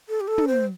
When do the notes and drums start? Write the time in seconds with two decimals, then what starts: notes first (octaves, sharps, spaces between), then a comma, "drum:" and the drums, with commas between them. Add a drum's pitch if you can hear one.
0.09 A4
0.20 G4
0.28 A4
0.38 drum: tom
0.47 C5